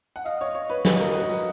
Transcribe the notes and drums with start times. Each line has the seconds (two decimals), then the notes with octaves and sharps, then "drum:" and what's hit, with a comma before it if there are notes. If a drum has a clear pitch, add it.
0.16 F#5
0.25 D#5 F5
0.41 C#5
0.55 C#5
0.70 B4
0.85 B4 D#5, drum: snare
1.01 A#4
1.15 F#4
1.29 F#4